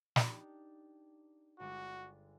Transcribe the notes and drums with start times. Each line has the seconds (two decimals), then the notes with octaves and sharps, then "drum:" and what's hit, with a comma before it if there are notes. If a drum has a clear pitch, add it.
0.16 D4 D#4 G4, drum: snare
1.60 G1 G#3 F#4 D5